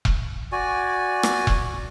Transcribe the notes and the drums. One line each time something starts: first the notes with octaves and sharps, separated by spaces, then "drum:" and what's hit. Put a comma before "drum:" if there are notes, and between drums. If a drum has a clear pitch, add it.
drum: kick E1
F#4 D5 G#5
drum: rim click
drum: kick E1